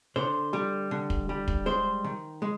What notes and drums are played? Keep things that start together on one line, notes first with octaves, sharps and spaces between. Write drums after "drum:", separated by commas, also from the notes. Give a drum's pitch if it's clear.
D3 C5
G3
D3
drum: kick
G3
drum: kick
G#3 C5
D#3
G#3